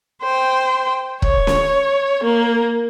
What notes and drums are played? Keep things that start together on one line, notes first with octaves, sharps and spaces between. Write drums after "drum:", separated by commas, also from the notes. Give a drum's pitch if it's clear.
C5 G5
C#5, drum: kick
drum: snare C#4
A#3